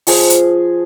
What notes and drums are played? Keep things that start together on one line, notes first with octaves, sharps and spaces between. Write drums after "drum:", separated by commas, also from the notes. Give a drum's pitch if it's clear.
F3 G#4, drum: open hi-hat
drum: hi-hat